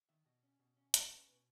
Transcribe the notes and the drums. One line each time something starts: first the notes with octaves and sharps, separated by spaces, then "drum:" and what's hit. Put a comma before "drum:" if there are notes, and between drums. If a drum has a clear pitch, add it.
D#3 E5
B2 D#5
C#4
B2
C#4
C#4 C5, drum: hi-hat
C#4 B4
B2 B4